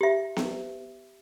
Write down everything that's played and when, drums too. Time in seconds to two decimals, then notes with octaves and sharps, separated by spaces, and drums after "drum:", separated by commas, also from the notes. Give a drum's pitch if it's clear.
0.01 G4 E5
0.36 drum: snare B3